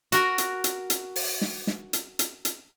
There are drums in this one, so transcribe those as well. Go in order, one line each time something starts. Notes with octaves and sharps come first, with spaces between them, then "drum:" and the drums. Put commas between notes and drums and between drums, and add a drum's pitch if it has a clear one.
F#4 A#4, drum: hi-hat
drum: hi-hat
drum: hi-hat
drum: hi-hat
drum: open hi-hat
drum: snare
drum: snare
drum: hi-hat
drum: hi-hat
drum: hi-hat